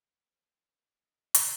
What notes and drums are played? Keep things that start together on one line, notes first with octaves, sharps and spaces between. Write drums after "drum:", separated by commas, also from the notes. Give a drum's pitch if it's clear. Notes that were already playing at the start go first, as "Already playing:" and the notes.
Already playing: A#4
C5
C5 D5
A#4 D#5
drum: hi-hat